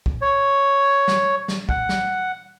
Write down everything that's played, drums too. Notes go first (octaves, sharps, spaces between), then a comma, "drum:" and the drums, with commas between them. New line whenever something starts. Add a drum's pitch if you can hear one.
drum: kick
C#5
drum: snare
drum: snare
F#5, drum: kick
drum: snare